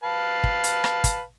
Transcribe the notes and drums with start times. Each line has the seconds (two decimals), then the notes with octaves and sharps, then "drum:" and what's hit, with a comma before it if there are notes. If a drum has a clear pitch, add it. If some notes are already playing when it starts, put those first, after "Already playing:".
0.03 B4 F5 A5
0.44 drum: kick
0.64 drum: hi-hat
0.84 drum: rim click
1.04 drum: kick, hi-hat